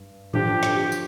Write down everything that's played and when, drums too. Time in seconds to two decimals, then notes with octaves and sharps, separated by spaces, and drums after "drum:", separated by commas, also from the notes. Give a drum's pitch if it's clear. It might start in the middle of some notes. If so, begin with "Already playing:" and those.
Already playing: G2
0.34 D3 F3 D4 F4 G4, drum: tom G#2
0.63 drum: snare
0.92 drum: tambourine